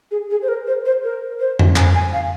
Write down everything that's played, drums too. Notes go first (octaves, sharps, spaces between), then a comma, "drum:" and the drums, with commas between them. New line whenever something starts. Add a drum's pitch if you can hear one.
G#4
G#4
C5
A#4
C5
C5
A#4
C5
drum: tom F2
G#5, drum: clap
G#5
F5